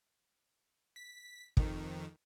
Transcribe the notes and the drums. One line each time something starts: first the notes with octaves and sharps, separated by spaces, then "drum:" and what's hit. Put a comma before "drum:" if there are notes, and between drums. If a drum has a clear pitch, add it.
B6
F2 D#3, drum: kick